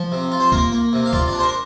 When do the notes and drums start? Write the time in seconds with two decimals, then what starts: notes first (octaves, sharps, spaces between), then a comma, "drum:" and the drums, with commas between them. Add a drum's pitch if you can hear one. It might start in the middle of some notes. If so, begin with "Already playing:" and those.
Already playing: F3
0.12 C3
0.32 F4
0.40 C5
0.52 A#3 A#4, drum: kick C#2
0.72 A#3
0.93 C3
1.06 F5
1.13 F4 D5, drum: kick C#2
1.28 D5
1.33 D4
1.39 C5
1.43 A#4